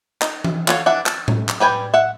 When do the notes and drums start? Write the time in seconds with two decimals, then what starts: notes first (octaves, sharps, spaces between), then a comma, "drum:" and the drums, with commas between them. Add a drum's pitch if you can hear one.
0.22 D#4, drum: clap
0.44 drum: tom E3
0.68 F#4 A4 C#5 D#5 F5, drum: clap
0.86 E3 D4 E5 F#5
1.06 A5, drum: clap
1.28 drum: tom A2
1.49 drum: clap
1.60 G3 B4 G5 G#5
1.94 E5 F#5